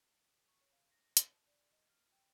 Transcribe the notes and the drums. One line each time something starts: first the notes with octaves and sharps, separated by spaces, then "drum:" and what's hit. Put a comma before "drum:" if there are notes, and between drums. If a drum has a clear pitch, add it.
C#6
C#5
F5
A#6
A#6
A5, drum: hi-hat
D5
D#5
F6
G5